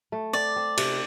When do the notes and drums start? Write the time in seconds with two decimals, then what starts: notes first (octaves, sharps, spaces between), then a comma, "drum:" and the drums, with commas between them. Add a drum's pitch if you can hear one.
0.12 A3
0.33 C4 D5
0.56 C4
0.77 C3, drum: cymbal